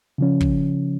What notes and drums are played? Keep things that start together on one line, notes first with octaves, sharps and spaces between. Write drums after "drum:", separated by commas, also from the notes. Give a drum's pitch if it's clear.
C#3 F3 C#4
drum: kick